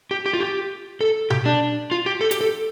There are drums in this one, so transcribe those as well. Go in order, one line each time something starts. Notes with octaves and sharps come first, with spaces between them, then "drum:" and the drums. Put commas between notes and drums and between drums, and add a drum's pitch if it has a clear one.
G4
G4
F4
G4
A4
G4, drum: tom B2
D4
F4
G4
A4
G4, drum: hi-hat
A4